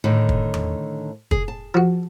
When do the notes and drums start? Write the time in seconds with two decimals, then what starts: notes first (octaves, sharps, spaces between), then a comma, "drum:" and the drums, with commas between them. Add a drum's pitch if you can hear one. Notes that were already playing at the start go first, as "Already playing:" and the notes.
0.04 A2 D3 D#3
0.29 drum: kick
0.54 drum: tom E2
1.31 G#4, drum: kick
1.48 A5
1.74 F3 F#4